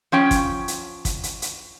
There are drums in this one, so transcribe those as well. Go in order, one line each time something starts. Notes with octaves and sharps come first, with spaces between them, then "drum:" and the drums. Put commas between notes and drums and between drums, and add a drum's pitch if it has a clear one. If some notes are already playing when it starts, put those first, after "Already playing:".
F3 C#4 G5
drum: kick, hi-hat
drum: hi-hat
drum: kick, hi-hat
drum: hi-hat
drum: hi-hat